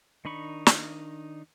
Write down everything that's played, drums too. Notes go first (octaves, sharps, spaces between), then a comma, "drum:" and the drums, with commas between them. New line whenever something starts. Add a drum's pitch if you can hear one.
D#3 D4 D#4 B5 C#6
drum: snare